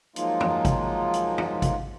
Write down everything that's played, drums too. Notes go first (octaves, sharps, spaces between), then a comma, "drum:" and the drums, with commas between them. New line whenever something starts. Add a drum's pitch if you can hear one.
F3 F#3 G#3 A#3 D#4 F4, drum: hi-hat
drum: tom F2
drum: kick, hi-hat
drum: hi-hat
drum: tom F2
drum: kick, hi-hat